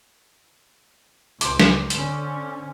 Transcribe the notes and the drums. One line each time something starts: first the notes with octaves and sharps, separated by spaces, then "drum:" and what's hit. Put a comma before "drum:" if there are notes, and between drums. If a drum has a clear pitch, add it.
C#2 C5 D6, drum: hi-hat
drum: snare
D3 C#4, drum: hi-hat